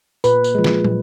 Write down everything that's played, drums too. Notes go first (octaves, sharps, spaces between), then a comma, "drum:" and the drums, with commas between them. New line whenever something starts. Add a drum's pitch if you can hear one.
A#2 B4, drum: tambourine
drum: tambourine
F3 G#3
drum: snare
A#2, drum: tom